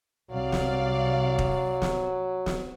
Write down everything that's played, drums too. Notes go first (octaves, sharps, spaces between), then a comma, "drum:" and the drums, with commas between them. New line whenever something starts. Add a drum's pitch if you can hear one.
C2 F#3 D5 F5
drum: snare
drum: kick
drum: snare
drum: snare